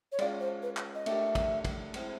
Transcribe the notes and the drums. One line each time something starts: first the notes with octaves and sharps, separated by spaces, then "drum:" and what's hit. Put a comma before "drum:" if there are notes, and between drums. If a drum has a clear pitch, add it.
C#5
G#3 C#4 F4 D5, drum: cymbal
C5
B4
drum: clap
D#5
A3 D4 G4 A#4 E5, drum: cymbal
drum: kick, cymbal
drum: kick, cymbal
G#3 C4 E4 G#4, drum: cymbal